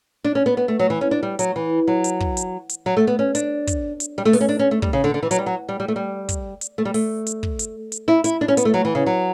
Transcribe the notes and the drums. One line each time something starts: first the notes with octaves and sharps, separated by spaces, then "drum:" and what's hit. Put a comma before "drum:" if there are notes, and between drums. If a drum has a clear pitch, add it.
D4
C#4
B3
B3
A3
F#3
E3
C#4
D4
G3
F#3, drum: hi-hat
E3
F#3
drum: hi-hat
drum: kick
drum: hi-hat
drum: hi-hat
F#3
A3
B3
C#4
D4, drum: hi-hat
drum: kick, hi-hat
drum: hi-hat
G3
A3
B3, drum: open hi-hat
C#4
D4
C#4
A3
G3, drum: kick
C#3
D3
D3
E3
F#3, drum: hi-hat
G3
F#3
G3
G3
A3
G3
drum: kick, hi-hat
drum: hi-hat
A3
G3
A3, drum: open hi-hat
drum: hi-hat
drum: kick
drum: hi-hat
drum: hi-hat
E4
E4, drum: hi-hat
D4
C#4
B3, drum: hi-hat
A3
F#3
E3
C#3
F#3